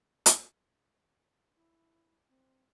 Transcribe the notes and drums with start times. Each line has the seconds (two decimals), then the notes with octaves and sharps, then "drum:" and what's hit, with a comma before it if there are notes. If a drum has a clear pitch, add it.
0.26 drum: hi-hat
1.56 E4
2.29 C4